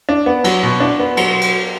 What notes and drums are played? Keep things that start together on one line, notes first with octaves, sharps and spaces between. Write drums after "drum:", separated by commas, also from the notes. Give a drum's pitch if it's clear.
D4
B3
F#3, drum: cymbal
B2
D4
B3
F#3, drum: cymbal
drum: cymbal